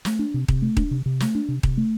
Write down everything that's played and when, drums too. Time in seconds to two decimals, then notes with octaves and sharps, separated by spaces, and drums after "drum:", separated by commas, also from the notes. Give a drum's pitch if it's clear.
0.05 A3, drum: snare
0.19 D4
0.34 C3
0.48 C3, drum: kick D#1
0.62 A3
0.77 D4, drum: kick D#1
0.91 C3
1.06 C3
1.20 A3, drum: snare
1.35 D4
1.48 C3
1.63 C3, drum: kick D#1
1.77 A3